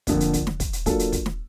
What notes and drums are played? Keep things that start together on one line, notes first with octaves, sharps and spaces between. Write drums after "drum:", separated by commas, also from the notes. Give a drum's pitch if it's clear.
F2 D3 F3 A#3 D4, drum: kick, hi-hat
drum: hi-hat
drum: kick, hi-hat
drum: snare
drum: kick, hi-hat
drum: hi-hat
F#3 A#3 D4 F4 A4, drum: kick, hi-hat
drum: hi-hat
drum: kick, hi-hat
drum: snare